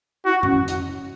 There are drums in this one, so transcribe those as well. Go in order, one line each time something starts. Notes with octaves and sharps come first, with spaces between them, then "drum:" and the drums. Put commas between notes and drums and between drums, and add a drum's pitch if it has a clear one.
E4 F#4
C#4, drum: tom F2
drum: hi-hat